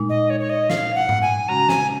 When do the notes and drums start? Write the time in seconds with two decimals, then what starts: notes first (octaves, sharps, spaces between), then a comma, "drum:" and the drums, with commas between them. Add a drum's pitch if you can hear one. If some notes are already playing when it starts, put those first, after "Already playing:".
Already playing: A#2 G#3 D#4
0.09 D#5
0.30 C#5
0.40 C#5
0.50 D#5
0.70 F5, drum: snare
0.95 F#5
1.09 drum: tom G#2
1.22 G#5
1.49 C#3 G#3 C#4 F#4 A#5
1.69 G#5, drum: snare